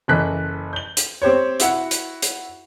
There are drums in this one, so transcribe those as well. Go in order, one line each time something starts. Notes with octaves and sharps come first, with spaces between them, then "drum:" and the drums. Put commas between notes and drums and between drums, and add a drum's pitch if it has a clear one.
F#1 E3 A4 F#6 B6
G6 G7
drum: hi-hat
C4 G4 C5 C#5
E4 F#4 E5 F#5, drum: hi-hat
drum: hi-hat
drum: hi-hat